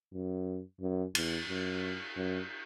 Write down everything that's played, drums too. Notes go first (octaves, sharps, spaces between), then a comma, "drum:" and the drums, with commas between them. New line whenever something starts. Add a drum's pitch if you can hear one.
F#2
F#2
E2, drum: cymbal
F#2
F#2